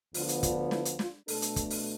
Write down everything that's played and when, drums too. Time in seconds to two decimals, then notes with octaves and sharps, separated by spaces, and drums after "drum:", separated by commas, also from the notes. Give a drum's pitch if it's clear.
0.14 D2 D3 F3 B3 D4 F4, drum: open hi-hat
0.29 drum: hi-hat
0.43 F4, drum: kick, hi-hat
0.71 E4, drum: snare
0.85 drum: hi-hat
0.99 F4, drum: snare
1.28 B2 A3 D4 A4, drum: open hi-hat
1.42 drum: hi-hat
1.56 drum: kick, hi-hat
1.70 drum: open hi-hat